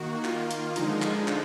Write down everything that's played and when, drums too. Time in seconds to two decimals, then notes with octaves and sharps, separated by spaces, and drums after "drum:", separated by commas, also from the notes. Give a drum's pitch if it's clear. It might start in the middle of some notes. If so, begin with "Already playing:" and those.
Already playing: D#3 A#3 F#4
0.24 D#3 A#3 F4, drum: clap
0.51 drum: hi-hat
0.76 D3 F3 G#3 D#4, drum: hi-hat
1.02 drum: clap
1.28 drum: clap